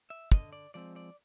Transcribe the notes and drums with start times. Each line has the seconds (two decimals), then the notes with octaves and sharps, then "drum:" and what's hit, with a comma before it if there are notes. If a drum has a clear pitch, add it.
0.10 E5
0.32 D3 D#5, drum: kick
0.53 D5
0.74 F3 G#3 C4 D5
0.96 D5